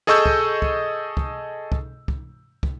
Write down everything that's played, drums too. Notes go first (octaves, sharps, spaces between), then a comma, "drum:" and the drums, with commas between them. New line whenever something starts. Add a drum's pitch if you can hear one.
G#4 A4 D#5 C#6 E6 G6
drum: kick
drum: kick
drum: kick
drum: kick
drum: kick
drum: kick